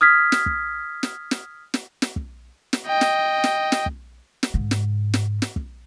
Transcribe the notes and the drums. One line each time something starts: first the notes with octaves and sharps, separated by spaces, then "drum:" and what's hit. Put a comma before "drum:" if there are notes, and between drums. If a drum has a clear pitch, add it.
D#6 F6 G#6 B6
drum: snare
drum: kick
drum: snare
drum: snare
drum: snare
drum: snare
drum: kick
drum: snare
D#5 G5
drum: snare
drum: snare
drum: snare
drum: kick
drum: snare
G#2 C#3
drum: snare
drum: snare
drum: snare
drum: kick